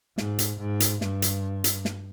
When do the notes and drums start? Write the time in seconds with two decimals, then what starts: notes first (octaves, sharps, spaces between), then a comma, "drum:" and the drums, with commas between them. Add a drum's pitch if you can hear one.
0.18 G#2, drum: snare
0.39 drum: hi-hat
0.60 G#2
0.80 drum: hi-hat
1.01 G2, drum: snare
1.22 drum: hi-hat
1.64 drum: hi-hat
1.85 drum: snare